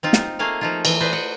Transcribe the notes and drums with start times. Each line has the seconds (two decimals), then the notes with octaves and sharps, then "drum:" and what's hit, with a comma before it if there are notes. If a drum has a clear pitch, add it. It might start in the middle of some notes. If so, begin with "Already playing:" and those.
0.03 C4 D#4 F4
0.13 drum: snare
0.39 A3 A#3 G#4 F5
0.61 F3 D#4 F4
0.85 E3, drum: cymbal
1.00 B4 C5 D5 D#5
1.13 F#5